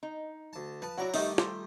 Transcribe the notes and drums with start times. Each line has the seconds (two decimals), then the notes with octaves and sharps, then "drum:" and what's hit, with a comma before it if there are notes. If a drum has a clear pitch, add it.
0.03 D#4
0.53 D2 A5
0.82 F3 B4 A5
0.97 F#3 E4 F#4 D5 F#5 A#5
1.14 D#3 G3 A3 D#4 D#5 E5, drum: open hi-hat
1.38 F4 G4 A4, drum: snare